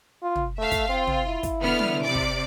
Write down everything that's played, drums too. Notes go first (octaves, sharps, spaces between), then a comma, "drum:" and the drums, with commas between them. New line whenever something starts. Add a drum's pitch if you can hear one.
F4
drum: tom
A3 E5 F5
drum: kick, hi-hat
C4 F4
drum: tom
E4
drum: kick, hi-hat
D3 B3 F6
drum: tom
C3 D5 D6
drum: kick